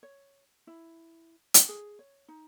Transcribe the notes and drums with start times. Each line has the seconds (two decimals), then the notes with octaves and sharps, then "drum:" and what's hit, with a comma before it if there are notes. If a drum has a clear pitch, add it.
0.03 C#5
0.67 E4
1.54 drum: hi-hat
1.69 G#4
1.99 C#5
2.28 D#4